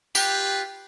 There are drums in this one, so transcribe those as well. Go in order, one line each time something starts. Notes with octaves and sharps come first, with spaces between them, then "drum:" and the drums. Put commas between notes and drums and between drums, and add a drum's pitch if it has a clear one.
F4 G4 B4, drum: tambourine